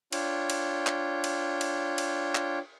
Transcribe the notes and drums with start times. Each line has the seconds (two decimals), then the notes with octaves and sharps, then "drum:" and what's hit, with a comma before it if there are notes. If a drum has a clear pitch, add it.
0.12 D4 F4 C#5 G5, drum: cymbal
0.50 drum: cymbal
0.87 drum: clap
1.24 drum: cymbal
1.61 drum: cymbal
1.98 drum: cymbal
2.35 drum: clap